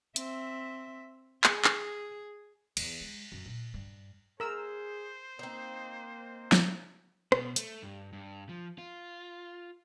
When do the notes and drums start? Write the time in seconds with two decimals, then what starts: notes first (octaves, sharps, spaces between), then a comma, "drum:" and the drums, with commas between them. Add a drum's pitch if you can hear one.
0.16 C4 E5, drum: hi-hat
1.44 G#4, drum: clap
1.64 drum: clap
2.77 E2, drum: cymbal
3.01 G#3
3.32 F#2
3.46 A#2
3.74 G2
4.40 G#4 A#4 C5 E6
5.39 A#3 C4 D#4
6.52 drum: snare
7.32 B2, drum: rim click
7.56 A3, drum: hi-hat
7.83 G2
8.13 G2
8.49 F3
8.78 F4